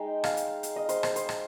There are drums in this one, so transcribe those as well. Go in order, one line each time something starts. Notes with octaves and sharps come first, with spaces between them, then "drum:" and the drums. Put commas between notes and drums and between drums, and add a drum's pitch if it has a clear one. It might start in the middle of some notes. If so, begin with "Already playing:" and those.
Already playing: G#3 D#4 G5
F5, drum: rim click
drum: hi-hat
drum: hi-hat
D#5
C5, drum: hi-hat
C5, drum: rim click
C5, drum: hi-hat
drum: rim click